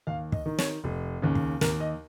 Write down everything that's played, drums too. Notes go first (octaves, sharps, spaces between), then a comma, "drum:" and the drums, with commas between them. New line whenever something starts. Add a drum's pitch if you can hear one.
D#2 F5
D#5, drum: kick
D#3
C#5, drum: snare
F1
D#2 C#3
drum: kick
D#2 A#4, drum: snare
D#5